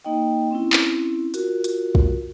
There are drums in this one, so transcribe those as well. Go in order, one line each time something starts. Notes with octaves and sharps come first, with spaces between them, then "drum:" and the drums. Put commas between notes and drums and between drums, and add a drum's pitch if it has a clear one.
A#3 D#4 D#5 G5
C4 C#4 E4
drum: clap
F4 F#4 A#4, drum: hi-hat
drum: hi-hat
drum: kick